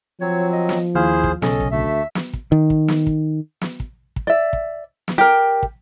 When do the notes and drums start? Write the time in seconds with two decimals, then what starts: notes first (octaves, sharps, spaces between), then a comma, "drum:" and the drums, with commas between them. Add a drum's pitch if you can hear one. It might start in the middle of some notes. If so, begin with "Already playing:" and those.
0.21 F3 F#3 C4 C#5
0.53 D#5
0.69 drum: snare
0.95 D#2 E4 G#4 C5 F5
1.24 drum: kick
1.42 B1 C#3 C#4 A4 D#5, drum: snare
1.60 drum: kick
1.71 D2 A3 E5
2.15 drum: snare
2.33 drum: kick
2.52 D#3
2.70 drum: kick
2.88 drum: snare
3.07 drum: kick
3.61 drum: snare
3.80 drum: kick
4.16 drum: kick
4.27 D5 E5
4.53 drum: kick
5.08 drum: snare
5.18 G4 A#4
5.63 drum: kick